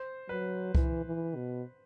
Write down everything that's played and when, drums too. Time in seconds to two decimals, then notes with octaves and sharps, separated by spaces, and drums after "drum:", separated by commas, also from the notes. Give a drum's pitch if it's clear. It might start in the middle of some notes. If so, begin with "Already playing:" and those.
Already playing: C5
0.29 F#3 B4
0.75 E3, drum: kick C2
1.05 E3
1.35 B2